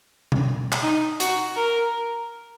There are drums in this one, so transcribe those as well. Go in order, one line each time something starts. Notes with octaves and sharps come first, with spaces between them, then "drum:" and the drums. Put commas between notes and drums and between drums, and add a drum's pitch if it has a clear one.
drum: tom B2
drum: clap
D#4
F#4, drum: hi-hat
A#4